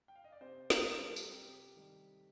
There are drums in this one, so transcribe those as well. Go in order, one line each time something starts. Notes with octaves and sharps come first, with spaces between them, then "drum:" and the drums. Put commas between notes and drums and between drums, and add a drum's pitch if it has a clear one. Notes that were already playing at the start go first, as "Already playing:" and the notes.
G5
F5
D#5
D5
C3 C5
A#4, drum: snare
G3
A4
drum: tambourine
C3 G4
D#3 G3